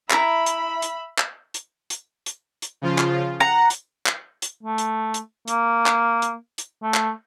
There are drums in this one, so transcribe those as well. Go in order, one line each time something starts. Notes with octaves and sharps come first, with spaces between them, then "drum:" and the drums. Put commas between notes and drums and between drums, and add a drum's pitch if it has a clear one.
E4 A4 E5 A#5 B5, drum: clap
drum: hi-hat
drum: hi-hat
drum: clap
drum: hi-hat
drum: hi-hat
drum: hi-hat
drum: hi-hat
C#3 F3 F4
drum: clap
F#5 A#5
drum: hi-hat
drum: clap
drum: hi-hat
A3
drum: hi-hat
drum: hi-hat
A#3, drum: hi-hat
drum: clap
drum: hi-hat
drum: hi-hat
A3
drum: clap